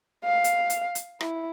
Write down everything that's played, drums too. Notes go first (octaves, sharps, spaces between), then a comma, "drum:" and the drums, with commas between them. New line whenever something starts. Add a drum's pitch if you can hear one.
F5
drum: hi-hat
drum: hi-hat
drum: hi-hat
E4, drum: rim click